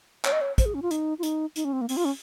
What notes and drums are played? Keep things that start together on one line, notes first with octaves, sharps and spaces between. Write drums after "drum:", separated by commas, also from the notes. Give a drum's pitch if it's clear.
C#5, drum: clap
D#5
C#5
C5, drum: kick, hi-hat
G#4
C#4
F4
D#4, drum: hi-hat
F4
D#4, drum: hi-hat
D#4, drum: hi-hat
C#4
C4
A#3
C4, drum: open hi-hat
F4
C#4